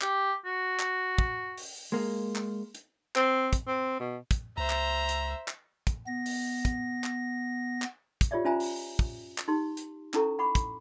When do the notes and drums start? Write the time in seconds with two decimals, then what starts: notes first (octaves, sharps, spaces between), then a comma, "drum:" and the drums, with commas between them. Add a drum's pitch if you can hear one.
0.01 G4, drum: clap
0.45 F#4
0.79 drum: clap
1.18 drum: kick
1.57 drum: open hi-hat
1.92 G#3 A#3
2.36 drum: clap
2.75 drum: hi-hat
3.16 C4, drum: clap
3.53 drum: kick, hi-hat
3.67 C4
4.00 B2
4.31 drum: kick, hi-hat
4.58 C#2 C5 E5 A#5
4.70 drum: clap
5.09 drum: hi-hat
5.48 drum: clap
5.87 drum: kick, hi-hat
6.07 B3 A#6
6.26 drum: open hi-hat
6.65 drum: kick, hi-hat
7.04 drum: clap
7.82 drum: clap
8.21 drum: kick, hi-hat
8.31 F4 G4 C#5 D5 E5
8.45 C#4 F4 C5 E5 G#5 A#5
8.60 drum: open hi-hat
8.99 drum: kick
9.38 drum: clap
9.48 D#4 G4 C6
9.77 drum: hi-hat
10.14 C#4 E4 A4 A#5 C#6, drum: clap
10.39 F#5 B5 C#6 D6
10.55 drum: kick, hi-hat